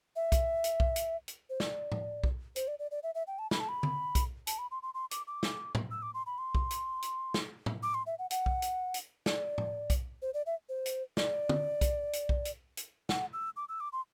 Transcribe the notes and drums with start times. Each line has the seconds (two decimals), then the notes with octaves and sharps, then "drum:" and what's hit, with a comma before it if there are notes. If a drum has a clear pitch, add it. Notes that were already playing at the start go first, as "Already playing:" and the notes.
0.16 E5
0.32 drum: kick B1, hi-hat
0.64 drum: hi-hat
0.80 drum: kick B1
0.96 drum: hi-hat
1.28 drum: hi-hat
1.50 C5
1.60 D5, drum: snare
1.92 drum: tom A2
2.24 drum: kick B1
2.56 C5, drum: hi-hat
2.68 D5
2.79 D5
2.91 D5
3.03 E5
3.15 E5
3.27 G5
3.39 A5
3.51 B5, drum: snare
3.60 A5
3.69 B5
3.83 drum: tom D3
4.15 drum: kick B1, hi-hat
4.47 A5, drum: hi-hat
4.58 B5
4.71 C6
4.83 C6
4.94 C6
5.11 D6, drum: hi-hat
5.27 D6
5.43 drum: snare
5.75 drum: tom
5.91 E6
6.02 D6
6.14 C6
6.26 B5
6.38 C6
6.55 drum: kick B1
6.71 drum: hi-hat
7.02 drum: hi-hat
7.34 drum: snare
7.66 drum: tom
7.83 D6
7.94 C6
8.06 E5
8.19 F#5
8.31 F#5, drum: hi-hat
8.46 drum: kick B1
8.62 drum: hi-hat
8.94 drum: hi-hat
9.26 D5, drum: snare
9.58 drum: tom A2
9.90 drum: kick B1, hi-hat
10.22 C5
10.34 D5
10.46 E5
10.69 C5
10.86 drum: hi-hat
11.17 D5, drum: snare
11.49 drum: tom
11.81 drum: kick B1, hi-hat
12.13 drum: hi-hat
12.29 drum: kick B1
12.45 drum: hi-hat
12.77 drum: hi-hat
13.09 F#5, drum: snare
13.33 E6
13.56 D6
13.69 E6
13.80 D6
13.93 C6